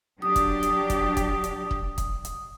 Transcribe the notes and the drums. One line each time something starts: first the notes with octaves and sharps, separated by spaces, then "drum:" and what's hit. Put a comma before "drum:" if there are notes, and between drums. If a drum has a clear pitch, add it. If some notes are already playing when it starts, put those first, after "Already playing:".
F#3 D4 G4 D#6
drum: kick, hi-hat
drum: hi-hat
drum: kick, hi-hat
drum: kick, hi-hat
drum: hi-hat
drum: kick
drum: kick, hi-hat
drum: hi-hat